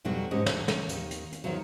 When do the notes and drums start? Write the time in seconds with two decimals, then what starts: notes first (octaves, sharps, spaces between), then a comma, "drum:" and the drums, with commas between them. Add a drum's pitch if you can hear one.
0.05 F2 B2 F#3 G3 F#4
0.31 G#2 D3 C#4 F#4 G4 D#5
0.46 D#2 D3, drum: snare
0.68 C#4, drum: snare
0.89 D#2, drum: hi-hat
1.11 drum: hi-hat
1.32 drum: hi-hat
1.44 E2 B2 D#3 F3 F#3